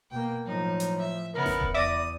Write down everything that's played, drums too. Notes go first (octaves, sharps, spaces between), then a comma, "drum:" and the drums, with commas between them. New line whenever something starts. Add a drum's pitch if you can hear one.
B2 A#3 G5
A2 F3 F#3 D#4
drum: hi-hat
E5
C#3 B3 E4 A#4
drum: snare A1
drum: kick D#1
E2 D5 E5 D6 D#6 A#6